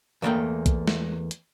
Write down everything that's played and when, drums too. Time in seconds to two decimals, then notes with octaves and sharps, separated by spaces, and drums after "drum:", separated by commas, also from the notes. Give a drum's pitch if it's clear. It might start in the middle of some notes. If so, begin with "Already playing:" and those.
0.22 E2 C#3 A3 A#3 G5
0.66 drum: kick B1, hi-hat
0.88 drum: snare A3
1.31 drum: hi-hat